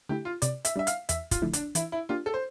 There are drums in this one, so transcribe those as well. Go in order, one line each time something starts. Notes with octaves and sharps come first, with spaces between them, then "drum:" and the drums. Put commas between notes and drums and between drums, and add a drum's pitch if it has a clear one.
D3 A3 E4 G4
F4
C3 D5, drum: hi-hat
E5, drum: hi-hat
G3 D4 E5
F5, drum: hi-hat
E2 E5, drum: hi-hat
F4, drum: kick, hi-hat
D3 F3 A3 E4
D4, drum: hi-hat
E3 E4, drum: hi-hat
E4
A#3 D4 F4 G4
A4
C5